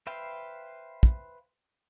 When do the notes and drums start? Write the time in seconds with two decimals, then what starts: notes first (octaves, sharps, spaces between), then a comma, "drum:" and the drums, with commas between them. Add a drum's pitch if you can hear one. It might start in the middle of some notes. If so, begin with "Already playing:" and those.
0.07 B4 C5 E5 F5 G5
1.03 drum: kick